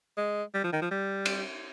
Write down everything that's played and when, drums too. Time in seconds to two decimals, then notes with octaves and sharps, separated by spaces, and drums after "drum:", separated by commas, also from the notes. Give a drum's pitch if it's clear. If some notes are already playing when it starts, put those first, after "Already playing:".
0.17 G#3
0.54 G3
0.63 F3
0.73 D#3
0.82 F3
0.91 G3
1.25 drum: cymbal